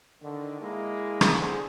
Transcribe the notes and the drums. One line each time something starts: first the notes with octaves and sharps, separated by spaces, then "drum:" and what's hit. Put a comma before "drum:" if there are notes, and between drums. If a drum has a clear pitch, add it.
D3 D#3
G#3 A#3 E4
drum: rim click
D3 E3 G#4 C5